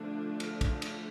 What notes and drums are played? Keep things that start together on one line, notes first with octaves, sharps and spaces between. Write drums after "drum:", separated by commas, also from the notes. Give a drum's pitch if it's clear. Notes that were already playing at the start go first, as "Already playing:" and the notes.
Already playing: D3 F3 A3 D4
drum: cymbal
drum: kick, cymbal
drum: cymbal